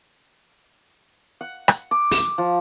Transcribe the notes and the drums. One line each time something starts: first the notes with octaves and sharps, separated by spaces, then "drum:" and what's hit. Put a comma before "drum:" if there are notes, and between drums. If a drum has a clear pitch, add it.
F#5
drum: rim click
D6
drum: open hi-hat
F3